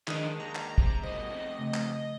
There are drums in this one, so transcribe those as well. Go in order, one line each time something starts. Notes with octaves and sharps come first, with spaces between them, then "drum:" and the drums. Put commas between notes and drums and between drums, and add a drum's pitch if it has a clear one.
D#3 F3 G#3 D4 D#4, drum: clap
D#2 A#5
drum: clap
C3, drum: kick
G2 B2 C5 D#5
F2 C3
C#3 A3
drum: clap